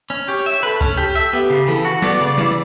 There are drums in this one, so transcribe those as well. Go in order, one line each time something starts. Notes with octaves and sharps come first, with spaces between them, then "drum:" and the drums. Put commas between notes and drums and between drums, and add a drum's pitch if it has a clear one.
C#4
G4 C#5
E5
A4 B4
C#4, drum: kick C2
G4
E5
B3 G4
C#3
E3 A4
F#4
B3 D5, drum: snare
C#3
E3, drum: snare